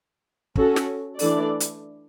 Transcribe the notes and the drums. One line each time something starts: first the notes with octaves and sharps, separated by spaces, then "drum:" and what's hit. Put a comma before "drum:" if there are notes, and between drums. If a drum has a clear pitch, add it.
C#4 F#4 A4, drum: kick
drum: snare
E3 A3 D4 A4 D5, drum: open hi-hat
drum: hi-hat